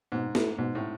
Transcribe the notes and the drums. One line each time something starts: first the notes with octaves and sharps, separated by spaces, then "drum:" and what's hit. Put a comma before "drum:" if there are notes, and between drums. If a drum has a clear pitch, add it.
G#2 B2
A3 E4 A4, drum: snare
G#2 B2
A2